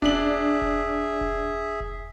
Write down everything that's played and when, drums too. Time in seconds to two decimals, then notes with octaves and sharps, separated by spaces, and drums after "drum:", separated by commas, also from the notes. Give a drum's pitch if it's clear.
0.02 D4 G#4 E5 F#7, drum: kick E1
0.62 drum: kick E1
1.21 drum: kick E1
1.80 drum: kick E1